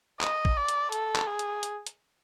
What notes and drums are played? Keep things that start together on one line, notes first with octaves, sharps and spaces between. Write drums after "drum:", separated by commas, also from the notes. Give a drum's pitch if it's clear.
D#5, drum: clap
drum: kick
D5
drum: hi-hat
A4, drum: hi-hat
drum: clap
G#4
drum: hi-hat
drum: hi-hat
drum: hi-hat